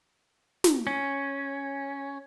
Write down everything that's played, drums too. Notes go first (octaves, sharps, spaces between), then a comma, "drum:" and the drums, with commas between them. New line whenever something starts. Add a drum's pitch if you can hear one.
drum: snare
C#4